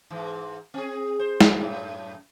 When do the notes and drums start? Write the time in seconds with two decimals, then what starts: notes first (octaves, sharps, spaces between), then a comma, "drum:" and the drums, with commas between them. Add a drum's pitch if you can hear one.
0.10 G#2 E3
0.74 C4 G#4
1.19 C5
1.41 drum: snare
1.60 F#2 A2